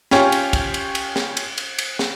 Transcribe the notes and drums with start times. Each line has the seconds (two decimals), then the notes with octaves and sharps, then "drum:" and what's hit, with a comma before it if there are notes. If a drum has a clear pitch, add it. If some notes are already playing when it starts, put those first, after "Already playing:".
0.11 C#4 F4 G4 C#5, drum: snare
0.32 drum: cymbal
0.53 drum: kick, cymbal
0.74 drum: cymbal
0.95 drum: cymbal
1.16 drum: snare
1.37 drum: cymbal
1.58 drum: cymbal
1.78 drum: cymbal
1.99 drum: snare